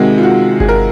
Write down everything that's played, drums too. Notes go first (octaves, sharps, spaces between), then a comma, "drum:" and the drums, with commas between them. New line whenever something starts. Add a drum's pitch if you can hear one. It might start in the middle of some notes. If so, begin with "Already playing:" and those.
Already playing: C3 D#3 G#3 F#4
F4
F#4
G#4, drum: kick G1
A#4